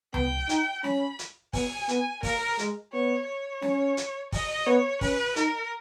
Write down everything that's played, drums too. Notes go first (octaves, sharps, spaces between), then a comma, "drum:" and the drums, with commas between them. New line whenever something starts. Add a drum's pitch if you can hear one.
B3 G5, drum: tom C#2
D#4, drum: hi-hat
C#4 B5, drum: snare
drum: hi-hat
B3 G#5, drum: kick, open hi-hat
B3 G#5, drum: hi-hat
A#3 A#4, drum: kick, open hi-hat
G#3, drum: hi-hat
B3 C#5
C#5
C#4, drum: snare
drum: hi-hat
D#5, drum: kick, open hi-hat
B3 C#5
C#4 B4, drum: kick, open hi-hat
D#4 A#4, drum: hi-hat